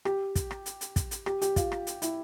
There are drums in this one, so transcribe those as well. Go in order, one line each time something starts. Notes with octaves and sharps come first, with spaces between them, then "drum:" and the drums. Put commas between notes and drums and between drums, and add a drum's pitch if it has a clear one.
G4, drum: rim click
drum: kick, hi-hat
drum: rim click
drum: hi-hat
drum: hi-hat
drum: kick, hi-hat
drum: hi-hat
G4, drum: rim click
G4, drum: hi-hat
F4, drum: kick, hi-hat
drum: rim click
drum: hi-hat
E4, drum: hi-hat